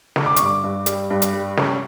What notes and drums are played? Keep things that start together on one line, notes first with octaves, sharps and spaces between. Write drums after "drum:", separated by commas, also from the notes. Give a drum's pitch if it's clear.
D3, drum: snare
D6
G2 C#6, drum: hi-hat
D6
G2
G3, drum: hi-hat
G2
drum: hi-hat
G3
C#4, drum: snare